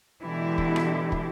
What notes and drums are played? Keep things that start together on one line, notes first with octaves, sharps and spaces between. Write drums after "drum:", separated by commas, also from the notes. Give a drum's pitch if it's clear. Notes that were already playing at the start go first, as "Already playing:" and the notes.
B2 D3 E3 G#3 E4 G4
drum: kick
drum: rim click
drum: kick